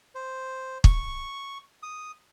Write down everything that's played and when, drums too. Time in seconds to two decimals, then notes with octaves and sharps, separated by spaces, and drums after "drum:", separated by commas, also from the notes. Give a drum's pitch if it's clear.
0.15 C5
0.84 C#6, drum: kick
1.83 D#6